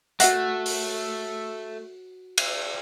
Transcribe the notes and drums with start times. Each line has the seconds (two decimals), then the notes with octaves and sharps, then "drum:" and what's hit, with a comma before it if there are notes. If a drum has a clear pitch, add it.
0.20 A3 F#4 E5 F#5 F#6, drum: hi-hat
0.66 drum: open hi-hat
2.38 drum: cymbal